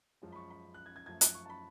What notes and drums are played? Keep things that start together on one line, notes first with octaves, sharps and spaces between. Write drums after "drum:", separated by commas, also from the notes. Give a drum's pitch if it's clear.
F#2 F3 G#3 C#4
B5
C#6
B5
F#6
G#6
G#6
F#2 F3 A3 G#6
F#6, drum: hi-hat
C#6
A5
B5